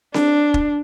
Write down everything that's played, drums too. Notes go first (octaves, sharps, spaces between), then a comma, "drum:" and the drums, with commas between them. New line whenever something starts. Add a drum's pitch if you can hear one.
D4, drum: snare C4
drum: kick